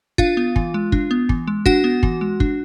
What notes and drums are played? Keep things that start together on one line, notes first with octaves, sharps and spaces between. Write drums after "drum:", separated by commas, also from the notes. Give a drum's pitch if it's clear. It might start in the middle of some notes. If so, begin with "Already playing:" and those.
D4 F4 F5, drum: kick
B3
E3, drum: kick
G#3
D4, drum: kick
B3
E3, drum: kick
G#3
D4 F#4 F#5, drum: kick
B3
E3, drum: kick
G#3
D4, drum: kick